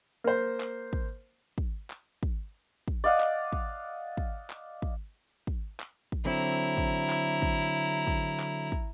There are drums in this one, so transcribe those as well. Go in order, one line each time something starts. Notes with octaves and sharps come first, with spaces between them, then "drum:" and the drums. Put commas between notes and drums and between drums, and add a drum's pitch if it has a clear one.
A#3 C5
drum: clap
drum: kick
drum: kick
drum: clap
drum: kick
drum: kick
D5 D#5 F5 F#5
drum: clap
drum: kick
drum: kick
drum: clap
drum: kick
drum: kick
drum: clap
drum: kick
D3 F#3 C4 E4 A#5
drum: kick
drum: clap
drum: kick
drum: kick
drum: clap
drum: kick